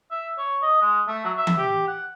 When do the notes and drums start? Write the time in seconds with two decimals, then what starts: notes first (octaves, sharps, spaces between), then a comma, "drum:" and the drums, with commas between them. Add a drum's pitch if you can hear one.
0.11 E5
0.38 C#5
0.62 D#5
0.82 G#3
1.08 A3
1.25 F#3
1.37 E5
1.47 drum: tom E3
1.58 G4
1.88 F#5